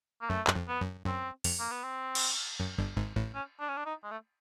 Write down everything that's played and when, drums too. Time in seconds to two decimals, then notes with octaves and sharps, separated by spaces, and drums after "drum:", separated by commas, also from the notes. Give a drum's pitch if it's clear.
0.22 A#3
0.30 F#2 A3
0.47 F#2, drum: clap
0.55 F2
0.68 B3
0.81 F#2
1.06 F#2 C4
1.44 F2, drum: open hi-hat
1.60 A#3
1.71 B3
1.83 C4
2.15 drum: cymbal
2.60 F#2
2.78 G1 G2
2.97 G#1 G#2
3.16 A1 A2
3.35 C#4
3.60 D4
3.69 C#4
3.77 D4
3.86 D#4
4.03 G#3
4.11 A3